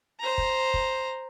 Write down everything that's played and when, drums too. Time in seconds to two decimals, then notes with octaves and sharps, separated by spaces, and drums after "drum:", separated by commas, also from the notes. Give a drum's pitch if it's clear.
0.20 C5 A#5
0.38 drum: kick
0.74 drum: kick